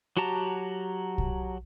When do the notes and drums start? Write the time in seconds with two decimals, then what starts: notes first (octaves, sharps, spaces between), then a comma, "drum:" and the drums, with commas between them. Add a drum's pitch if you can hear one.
0.17 F#3 F#4 G4 A5 A#5
1.18 drum: kick